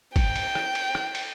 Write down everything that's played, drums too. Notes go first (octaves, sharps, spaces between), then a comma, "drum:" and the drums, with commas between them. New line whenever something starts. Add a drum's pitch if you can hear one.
G5, drum: kick, cymbal
drum: cymbal
drum: rim click
drum: cymbal
drum: rim click
drum: cymbal